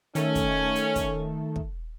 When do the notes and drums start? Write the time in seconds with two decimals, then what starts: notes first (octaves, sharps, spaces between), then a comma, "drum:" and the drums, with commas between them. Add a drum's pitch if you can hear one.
0.15 D#3 A3 C#4 A4, drum: hi-hat
0.35 drum: kick, hi-hat
0.75 drum: hi-hat
0.95 drum: kick, hi-hat
1.56 drum: kick